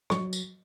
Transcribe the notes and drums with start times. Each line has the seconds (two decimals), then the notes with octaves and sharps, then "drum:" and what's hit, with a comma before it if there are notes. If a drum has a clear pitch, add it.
0.10 F#3 C#6, drum: rim click
0.33 drum: tambourine